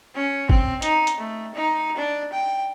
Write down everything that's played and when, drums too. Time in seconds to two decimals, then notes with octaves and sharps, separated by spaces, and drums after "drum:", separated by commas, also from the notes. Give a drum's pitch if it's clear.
0.15 C#4
0.49 C4, drum: kick
0.82 D#4, drum: hi-hat
1.07 drum: hi-hat
1.18 A3
1.54 D#4
1.96 D4
2.32 G5